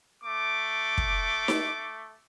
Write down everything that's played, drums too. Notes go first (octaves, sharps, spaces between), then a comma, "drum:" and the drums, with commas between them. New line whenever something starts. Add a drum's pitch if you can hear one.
A3 D6
drum: kick
drum: snare D#4